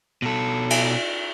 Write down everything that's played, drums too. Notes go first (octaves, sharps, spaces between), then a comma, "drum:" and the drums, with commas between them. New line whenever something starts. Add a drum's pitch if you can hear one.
B2 A4
drum: cymbal